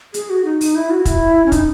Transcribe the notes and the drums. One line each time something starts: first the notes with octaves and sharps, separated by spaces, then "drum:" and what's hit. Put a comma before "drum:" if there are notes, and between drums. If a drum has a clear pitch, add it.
G#4, drum: hi-hat
F#4
D#4
D#4, drum: open hi-hat
E4
F#4
E4, drum: kick, hi-hat
C#4
D#4, drum: kick, hi-hat